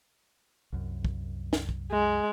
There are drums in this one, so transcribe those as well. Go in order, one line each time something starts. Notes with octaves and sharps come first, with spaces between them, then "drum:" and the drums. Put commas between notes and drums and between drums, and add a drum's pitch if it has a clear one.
C2 F#2
drum: kick
drum: snare
drum: kick
G#3